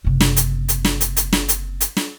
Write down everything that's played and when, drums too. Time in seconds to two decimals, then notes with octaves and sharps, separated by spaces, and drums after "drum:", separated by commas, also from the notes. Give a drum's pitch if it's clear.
0.04 F#1 C3
0.20 drum: snare
0.36 drum: hi-hat
0.69 drum: hi-hat
0.85 drum: snare
1.01 drum: hi-hat
1.17 drum: hi-hat
1.33 drum: snare
1.49 drum: hi-hat
1.81 drum: hi-hat
1.97 drum: snare